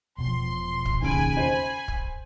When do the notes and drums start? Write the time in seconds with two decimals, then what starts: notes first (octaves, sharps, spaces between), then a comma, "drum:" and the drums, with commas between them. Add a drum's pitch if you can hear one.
0.18 E1 B2 F3 C6
0.85 drum: kick
1.02 D#2 C#3 G#5 B5 D7
1.11 drum: kick
1.37 C5
1.88 drum: kick